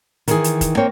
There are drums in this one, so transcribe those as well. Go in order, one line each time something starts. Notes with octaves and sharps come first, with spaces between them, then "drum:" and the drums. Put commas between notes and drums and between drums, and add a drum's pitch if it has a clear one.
D#3 E3 G#4, drum: hi-hat
drum: hi-hat
drum: kick F1, hi-hat
A#3 C4 C#5 G5